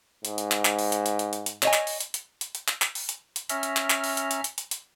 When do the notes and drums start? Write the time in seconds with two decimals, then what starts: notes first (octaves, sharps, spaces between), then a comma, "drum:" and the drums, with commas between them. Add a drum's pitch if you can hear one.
0.25 G#2, drum: hi-hat
0.38 drum: hi-hat
0.52 drum: clap
0.65 drum: clap
0.79 drum: open hi-hat
0.92 drum: hi-hat
1.06 drum: hi-hat
1.19 drum: hi-hat
1.33 drum: hi-hat
1.46 drum: hi-hat
1.63 C#5 D#5 G#5, drum: clap
1.73 drum: clap
1.87 drum: open hi-hat
2.01 drum: hi-hat
2.14 drum: hi-hat
2.41 drum: hi-hat
2.55 drum: hi-hat
2.68 drum: clap
2.82 drum: clap
2.95 drum: open hi-hat
3.09 drum: hi-hat
3.36 drum: hi-hat
3.49 C#4 E5 A#5 F6, drum: hi-hat
3.63 drum: hi-hat
3.77 drum: clap
3.90 drum: clap
4.04 drum: open hi-hat
4.17 drum: hi-hat
4.31 drum: hi-hat
4.44 drum: hi-hat
4.58 drum: hi-hat
4.71 drum: hi-hat